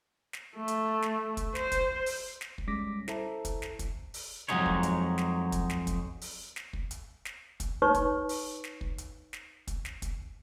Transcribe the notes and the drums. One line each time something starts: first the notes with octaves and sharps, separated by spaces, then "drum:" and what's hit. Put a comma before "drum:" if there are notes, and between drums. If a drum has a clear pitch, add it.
drum: snare
A3
drum: hi-hat
drum: snare
drum: kick, hi-hat
C5, drum: snare
drum: kick, hi-hat
drum: open hi-hat
drum: snare
drum: kick
G3 G#3 C#4 D6 A#6 B6
E4 A4 C5 E5 A5 A#5, drum: snare
drum: kick, hi-hat
drum: snare
drum: kick, hi-hat
drum: open hi-hat
F2 D3 F#3 G#3 D#4 C#5, drum: snare
drum: kick
drum: hi-hat
drum: snare
drum: kick, hi-hat
drum: snare
drum: kick, hi-hat
drum: open hi-hat
drum: snare
drum: kick
drum: hi-hat
drum: snare
drum: kick, hi-hat
D#4 B4 C#5 C#6
drum: kick, hi-hat
drum: open hi-hat
drum: snare
drum: kick
drum: hi-hat
drum: snare
drum: kick, hi-hat
drum: snare
drum: kick, hi-hat